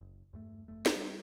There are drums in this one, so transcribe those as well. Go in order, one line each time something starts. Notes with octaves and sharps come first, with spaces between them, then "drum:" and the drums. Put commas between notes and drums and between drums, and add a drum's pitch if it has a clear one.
F#1
E2 G2 A3
F1 A3
drum: snare
G3